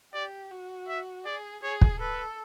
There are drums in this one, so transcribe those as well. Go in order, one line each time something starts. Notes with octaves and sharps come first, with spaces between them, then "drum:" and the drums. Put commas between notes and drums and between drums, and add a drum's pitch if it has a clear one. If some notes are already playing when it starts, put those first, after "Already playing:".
G4 D5
F#4
E5
G#4 D5
G#4 C#5
drum: kick
A4 B4